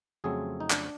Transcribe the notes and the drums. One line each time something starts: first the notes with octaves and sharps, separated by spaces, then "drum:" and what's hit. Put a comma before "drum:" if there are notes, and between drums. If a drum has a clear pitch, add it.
F2 C#3 F#3 A3 C4 G#4
D#4
D4, drum: clap